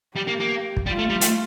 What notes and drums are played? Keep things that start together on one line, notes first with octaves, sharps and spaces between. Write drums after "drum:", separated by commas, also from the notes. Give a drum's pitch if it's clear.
G3 G4
A#3
A#3
drum: kick
G3 F4
A3
G3
A3, drum: hi-hat